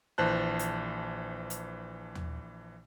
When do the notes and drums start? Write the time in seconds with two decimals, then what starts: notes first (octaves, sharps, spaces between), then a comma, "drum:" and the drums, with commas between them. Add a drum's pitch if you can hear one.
0.18 A#1 E3 C5 A5 F#6
0.59 drum: hi-hat
1.50 drum: hi-hat
2.15 drum: tom D#2